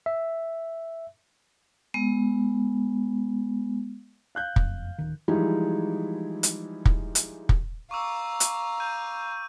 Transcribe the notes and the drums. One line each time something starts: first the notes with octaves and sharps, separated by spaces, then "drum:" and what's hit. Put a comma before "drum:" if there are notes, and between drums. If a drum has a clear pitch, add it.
E5
G#3 B3
F5 F#6 G6
F#1 F2, drum: kick
D1 D#3
E3 F3 G3 G#3 D#4 E4
drum: hi-hat
drum: kick
drum: hi-hat
drum: kick
F5 A#5 C#6 D6 E6
drum: hi-hat
G6 D#7